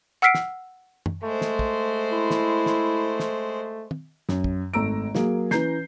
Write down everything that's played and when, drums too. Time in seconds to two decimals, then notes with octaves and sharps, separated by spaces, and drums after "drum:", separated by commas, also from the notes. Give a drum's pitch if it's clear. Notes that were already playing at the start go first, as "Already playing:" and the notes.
0.22 F#5 E6 F6 B6 C7 D7
0.35 drum: snare
1.06 drum: tom
1.24 G#3 A3 C5
1.41 drum: snare
1.59 drum: kick
2.11 E4
2.31 drum: snare
2.66 drum: snare
3.20 drum: snare
3.91 drum: tom
4.29 F#2, drum: snare
4.44 drum: kick
4.74 G#1 A3 A#5 E6 D7
5.15 F#3 A#3 G#4, drum: snare
5.51 E3 C#4 B4 A#5 G6 C7, drum: snare